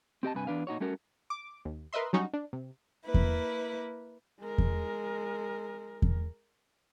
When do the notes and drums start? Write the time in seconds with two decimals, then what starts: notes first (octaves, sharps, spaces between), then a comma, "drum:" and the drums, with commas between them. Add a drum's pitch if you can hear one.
0.23 C4 G4 D#5 A5
0.34 G2 C3 B4 G#5
0.47 E2 D4 B4 F5
0.67 A#2 D#4 F#4 C#5
0.80 G3 A3 C#4 F#4 A#4
1.30 D6
1.65 D#2
1.93 A#4 B4 D#5 E5 C6
2.13 F#3 G3 C#4 D#4 F#4
2.33 D4
2.53 C3
3.04 A#3 E4 B4
3.14 drum: kick E2
4.40 G#3 A#4
4.58 drum: kick E2
6.02 drum: kick E2